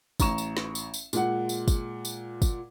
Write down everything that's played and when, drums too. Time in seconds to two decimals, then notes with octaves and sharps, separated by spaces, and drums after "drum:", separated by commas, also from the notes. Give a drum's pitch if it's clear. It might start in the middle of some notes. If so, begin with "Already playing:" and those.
0.20 A1 A#5 C#6 E7, drum: kick, tambourine
0.38 drum: tambourine
0.57 drum: snare
0.75 drum: tambourine
0.94 drum: tambourine
1.13 A#2 G#3 F#5, drum: tambourine
1.49 drum: tambourine
1.68 drum: kick, tambourine
2.05 drum: tambourine
2.42 drum: kick, tambourine